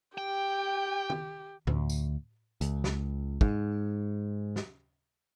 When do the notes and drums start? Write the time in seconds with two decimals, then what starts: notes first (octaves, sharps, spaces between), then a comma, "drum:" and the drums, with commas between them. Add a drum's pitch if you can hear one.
0.18 G4 G5
1.10 drum: tom D#3
1.67 D2, drum: tom A2
1.90 drum: tambourine
2.61 C#2, drum: hi-hat
2.84 drum: snare
3.41 G#2, drum: kick
4.56 drum: snare